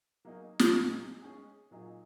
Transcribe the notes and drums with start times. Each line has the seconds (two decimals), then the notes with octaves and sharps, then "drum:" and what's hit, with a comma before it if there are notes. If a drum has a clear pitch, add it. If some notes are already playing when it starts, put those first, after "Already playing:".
0.25 F#3 A#3 D#4 G#4
0.59 drum: snare
0.73 A#2 F#3 D#4 G#4
1.22 G#3 C#4 G#4
1.71 A#2 F#3 D#4 G#4